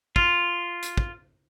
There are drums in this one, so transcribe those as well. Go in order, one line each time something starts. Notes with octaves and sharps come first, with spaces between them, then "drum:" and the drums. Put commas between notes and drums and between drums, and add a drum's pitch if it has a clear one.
F4, drum: kick
drum: hi-hat
drum: kick